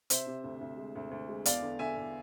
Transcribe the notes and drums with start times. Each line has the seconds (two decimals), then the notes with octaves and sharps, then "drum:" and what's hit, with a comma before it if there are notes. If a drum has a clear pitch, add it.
0.10 C3 C5 E5, drum: hi-hat
0.27 C3
0.44 D2
0.61 D2
0.77 G#3
0.95 D2
1.11 D2
1.28 G#3
1.45 E2 D5 F5, drum: hi-hat
1.62 D3
1.79 D3 E5 G#5
1.96 E2